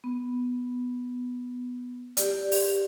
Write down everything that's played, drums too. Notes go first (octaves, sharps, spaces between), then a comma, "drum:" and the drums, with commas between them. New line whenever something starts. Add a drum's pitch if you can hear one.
B3
G4 D5, drum: hi-hat
drum: open hi-hat